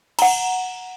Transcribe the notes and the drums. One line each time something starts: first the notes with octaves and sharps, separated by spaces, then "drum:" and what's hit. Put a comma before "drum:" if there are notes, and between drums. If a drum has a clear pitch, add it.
F#5 A#5, drum: cymbal